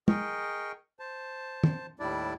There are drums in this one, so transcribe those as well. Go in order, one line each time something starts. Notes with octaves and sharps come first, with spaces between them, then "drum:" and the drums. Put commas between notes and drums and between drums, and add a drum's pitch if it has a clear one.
G#4 A#4 D#5 G5 C#6, drum: tom
C5 A5
drum: tom
D#2 A2 G3 D4 E4 D5